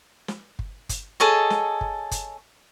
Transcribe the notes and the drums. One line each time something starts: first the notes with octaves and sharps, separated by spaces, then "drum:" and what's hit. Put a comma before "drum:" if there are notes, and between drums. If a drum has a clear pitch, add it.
drum: snare
drum: kick
drum: kick, hi-hat
G#4 A4 C#5 D#5
drum: snare
drum: kick
drum: kick, hi-hat